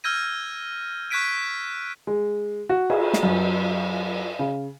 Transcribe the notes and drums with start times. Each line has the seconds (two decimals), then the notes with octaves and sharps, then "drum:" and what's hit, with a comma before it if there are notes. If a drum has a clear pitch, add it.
0.04 E6 F6 G6 G#6 A#6 D#7
1.10 C#6 F#6 G#6 B6 D7 D#7
2.07 G#3
2.69 F#4
2.90 G#4, drum: cymbal
3.13 drum: snare
3.23 F#2
4.39 C#3